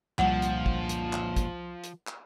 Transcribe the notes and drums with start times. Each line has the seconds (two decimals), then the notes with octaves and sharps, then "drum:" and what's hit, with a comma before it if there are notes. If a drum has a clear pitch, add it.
0.19 C2 F2 A#2 F3 G3 F#5, drum: clap
0.42 drum: hi-hat
0.66 drum: kick
0.89 drum: hi-hat
1.13 drum: clap
1.37 drum: kick, hi-hat
1.84 drum: hi-hat
2.07 drum: clap